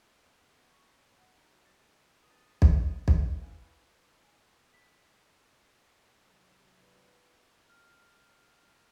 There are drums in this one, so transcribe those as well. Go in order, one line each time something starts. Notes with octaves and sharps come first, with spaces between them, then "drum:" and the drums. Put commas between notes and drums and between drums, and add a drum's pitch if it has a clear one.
F2
B3
C#6
C#4
F#5
D#4
F#3
A6
A3
E2 A5 D#6
drum: kick B1
drum: kick B1
C#4 E4 B4 F5 G#5
G#5
B6
C3 F#3
E4 F4 B4 D5
F6